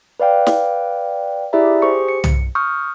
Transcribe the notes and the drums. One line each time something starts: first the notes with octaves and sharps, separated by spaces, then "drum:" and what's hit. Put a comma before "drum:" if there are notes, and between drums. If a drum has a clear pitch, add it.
B4 D5 F5 G5
drum: snare
E4 G4 G#4 D5 E5 A#5
G4 G#4 C5 C#6 C#7
C#7
drum: tom
C#6 D#6 F6 G6